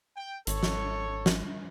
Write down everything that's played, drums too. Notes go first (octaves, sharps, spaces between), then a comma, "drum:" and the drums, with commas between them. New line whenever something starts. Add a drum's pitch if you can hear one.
G5
G#1 A4 C#5, drum: hi-hat
drum: snare
drum: snare